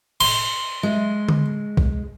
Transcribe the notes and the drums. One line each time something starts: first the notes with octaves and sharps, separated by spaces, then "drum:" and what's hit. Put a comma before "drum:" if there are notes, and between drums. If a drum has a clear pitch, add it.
C6, drum: cymbal
G#3
drum: tom D3
drum: kick B1